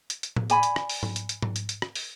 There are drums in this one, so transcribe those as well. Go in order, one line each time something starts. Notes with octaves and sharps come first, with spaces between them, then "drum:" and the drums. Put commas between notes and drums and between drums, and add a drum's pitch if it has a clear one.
drum: hi-hat
drum: hi-hat
drum: tom A2
D5 G#5 B5, drum: hi-hat
drum: hi-hat
drum: rim click
drum: open hi-hat
drum: tom G#2
drum: hi-hat
drum: hi-hat
drum: tom G#2
drum: hi-hat
drum: hi-hat
drum: rim click
drum: open hi-hat